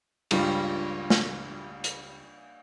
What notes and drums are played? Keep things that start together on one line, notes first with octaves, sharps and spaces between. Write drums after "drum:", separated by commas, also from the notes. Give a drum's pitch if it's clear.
C#2 G2 G3 F4, drum: cymbal
drum: snare
drum: hi-hat